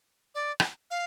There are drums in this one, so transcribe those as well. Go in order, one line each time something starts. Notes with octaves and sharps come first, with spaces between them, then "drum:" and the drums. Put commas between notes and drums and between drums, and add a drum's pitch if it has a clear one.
D5
drum: rim click
F5